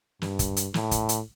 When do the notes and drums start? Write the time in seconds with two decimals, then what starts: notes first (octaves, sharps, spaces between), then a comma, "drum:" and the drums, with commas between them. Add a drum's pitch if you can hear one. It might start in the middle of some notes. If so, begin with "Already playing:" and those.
0.22 G2, drum: snare
0.39 drum: kick, hi-hat
0.56 drum: hi-hat
0.74 A2, drum: snare
0.91 drum: kick, hi-hat
1.09 drum: hi-hat